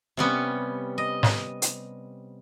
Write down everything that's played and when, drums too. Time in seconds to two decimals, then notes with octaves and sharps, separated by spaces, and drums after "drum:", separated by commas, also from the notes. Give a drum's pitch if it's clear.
0.17 C3 G3 B3 C#4
0.98 D#5
1.23 drum: snare
1.62 drum: hi-hat